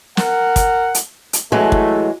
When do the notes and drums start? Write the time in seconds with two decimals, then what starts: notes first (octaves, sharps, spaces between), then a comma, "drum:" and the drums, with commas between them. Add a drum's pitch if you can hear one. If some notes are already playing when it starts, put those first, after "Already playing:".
0.17 A#4 F#5, drum: snare
0.56 drum: kick, hi-hat
0.95 drum: hi-hat
1.33 drum: hi-hat
1.52 E3 F#3 G#3 A3
1.72 drum: kick